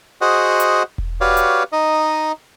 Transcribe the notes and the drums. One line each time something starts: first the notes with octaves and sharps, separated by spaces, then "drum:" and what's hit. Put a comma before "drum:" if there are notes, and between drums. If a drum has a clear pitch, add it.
F#4 G#4 C5 D#5 F#5
drum: hi-hat
drum: kick E1
F#4 G4 B4 C#5 D5 F5
drum: hi-hat
D#4 D#5